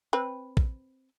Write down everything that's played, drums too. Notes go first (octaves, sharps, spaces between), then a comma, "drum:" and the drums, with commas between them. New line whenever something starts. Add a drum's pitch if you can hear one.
C4 B4
drum: kick